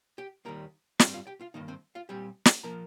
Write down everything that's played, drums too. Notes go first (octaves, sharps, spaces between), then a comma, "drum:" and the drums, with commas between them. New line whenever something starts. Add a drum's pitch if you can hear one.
G4 G5
D#2 D#3 G3 A#3 A#4 A#5
G2 G3 C4 F4 F5, drum: snare
F4 F5
G4 G5
F4 F5
G2 D#3 A#3 D#4 D#5
C4 C5
F4 F5
A#2 G3 C4 G4 G5
drum: snare
F3 A#3 A#4 A#5